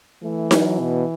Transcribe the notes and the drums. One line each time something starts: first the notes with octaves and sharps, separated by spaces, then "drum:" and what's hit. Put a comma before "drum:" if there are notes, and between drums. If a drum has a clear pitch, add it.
E3 A3
F#3, drum: snare D#4
B2